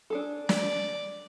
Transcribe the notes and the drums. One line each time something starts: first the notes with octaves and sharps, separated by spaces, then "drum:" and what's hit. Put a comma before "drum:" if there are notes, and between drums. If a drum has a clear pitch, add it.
D4 G#4 A4
D5, drum: snare